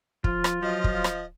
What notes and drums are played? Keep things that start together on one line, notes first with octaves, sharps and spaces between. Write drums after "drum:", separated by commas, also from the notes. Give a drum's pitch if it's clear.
F3 F4, drum: kick
drum: rim click
F3 F#3 D#5
drum: kick
drum: rim click